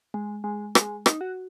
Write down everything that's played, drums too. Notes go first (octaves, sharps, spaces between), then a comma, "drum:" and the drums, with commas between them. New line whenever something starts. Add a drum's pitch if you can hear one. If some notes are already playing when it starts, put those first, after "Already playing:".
G#3
G#3
G#3, drum: rim click
D#4, drum: rim click
F#4